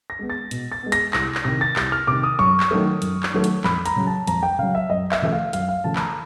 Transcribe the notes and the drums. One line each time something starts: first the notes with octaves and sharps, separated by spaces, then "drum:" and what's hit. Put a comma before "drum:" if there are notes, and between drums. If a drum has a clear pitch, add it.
A#6
G#3 B3
A6
B2, drum: hi-hat
A6
G#3 B3
A#6, drum: hi-hat
C2 A#6, drum: clap
drum: clap
C3 D#3 A#6
A6
C2 A6, drum: clap
F6
C3 D#3 D6
D#6
F#2 C#6
drum: clap
D#3 F#3 A3
F#2, drum: hi-hat
drum: clap
D#3 F#3 A3
drum: hi-hat
F2 B5, drum: clap
A#5, drum: hi-hat
C#3 F#3
A5
F2 A#5, drum: hi-hat
G5
C#3 F#3 F5
E5
F#2 D#5
E5, drum: clap
C#3 F3 A3 E5
F5
F#2 F5, drum: hi-hat
F5
C#3 F3 A3 A5
B5, drum: clap
A#5